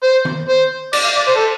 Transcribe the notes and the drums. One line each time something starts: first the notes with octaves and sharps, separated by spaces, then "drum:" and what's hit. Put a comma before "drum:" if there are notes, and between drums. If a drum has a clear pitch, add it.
C5
drum: tom D#3
C5
D5, drum: cymbal
F5
D5
C5
A4